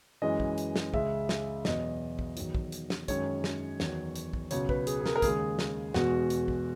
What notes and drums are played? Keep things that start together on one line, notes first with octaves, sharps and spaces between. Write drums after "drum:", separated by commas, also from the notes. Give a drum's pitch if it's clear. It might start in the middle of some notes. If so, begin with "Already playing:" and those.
F#2 E3 G#3 D#5
drum: kick
drum: hi-hat
drum: snare
C#2 C#3 G#3 E5, drum: kick
drum: snare
E2 B2 F#3 D#5, drum: snare
drum: kick
E2 D#3 F#3, drum: hi-hat
drum: kick
drum: hi-hat
drum: snare
F#2 D#3 G#3 C#5, drum: kick, hi-hat
drum: snare
E2 D#3 F#3, drum: snare
drum: hi-hat
drum: kick
C#2 B2 F#3 C#5, drum: hi-hat
B4, drum: kick
G#4, drum: hi-hat
G#4
A#4, drum: snare
A#4
D#2 C#3 G#3 G#4, drum: kick, hi-hat
drum: snare
E2 B2 G#3 F#4, drum: snare
drum: hi-hat
drum: kick